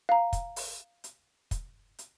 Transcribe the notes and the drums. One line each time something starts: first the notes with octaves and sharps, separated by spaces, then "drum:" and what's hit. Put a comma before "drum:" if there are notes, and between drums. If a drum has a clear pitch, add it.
F5 A#5
drum: kick, hi-hat
drum: open hi-hat
drum: hi-hat
drum: kick, hi-hat
drum: hi-hat